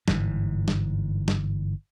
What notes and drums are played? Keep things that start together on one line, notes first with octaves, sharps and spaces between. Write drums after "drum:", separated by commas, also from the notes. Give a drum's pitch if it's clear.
G1 G#2 E3, drum: snare
drum: snare
drum: snare